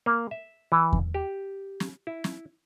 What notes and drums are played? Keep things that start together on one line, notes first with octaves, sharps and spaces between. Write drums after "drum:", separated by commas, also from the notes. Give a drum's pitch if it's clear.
A#3
E5
E3
drum: kick E2
G4
drum: snare
E4
drum: snare